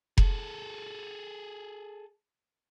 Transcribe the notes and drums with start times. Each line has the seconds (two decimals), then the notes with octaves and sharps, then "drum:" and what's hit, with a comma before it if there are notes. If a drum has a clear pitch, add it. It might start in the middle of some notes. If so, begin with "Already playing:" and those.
0.18 G#4 A4, drum: kick F1